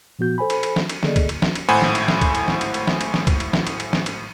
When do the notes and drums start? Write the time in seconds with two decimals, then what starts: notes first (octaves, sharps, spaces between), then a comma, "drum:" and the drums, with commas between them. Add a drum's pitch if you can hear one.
0.19 A#2 F3 B3 F#4 G6
0.38 A4 C5 G#5 B5
0.50 drum: cymbal
0.63 drum: cymbal
0.76 drum: snare
0.89 drum: cymbal
1.03 D3 A#3 G#4 A4 D5 D#5, drum: snare
1.16 drum: kick, cymbal
1.29 drum: cymbal
1.42 drum: snare
1.55 drum: cymbal
1.69 G#1 A2 C5 F#5 G#5 B5
1.82 drum: snare
1.95 drum: cymbal
2.08 drum: snare
2.21 drum: kick, cymbal
2.35 drum: cymbal
2.48 drum: snare
2.61 drum: cymbal
2.74 drum: cymbal
2.87 drum: snare
3.01 drum: cymbal
3.14 drum: snare
3.27 drum: kick, cymbal
3.40 drum: cymbal
3.53 drum: snare
3.67 drum: cymbal
3.80 drum: cymbal
3.93 drum: snare
4.06 drum: cymbal